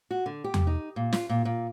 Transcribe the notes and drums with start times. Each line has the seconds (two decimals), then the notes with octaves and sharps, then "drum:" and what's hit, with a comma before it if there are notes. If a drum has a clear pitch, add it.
0.11 F#4
0.26 D3
0.44 G4
0.54 drum: tom E2
0.67 D#4
0.96 A#2
1.13 F4, drum: snare
1.29 A#2
1.45 A#2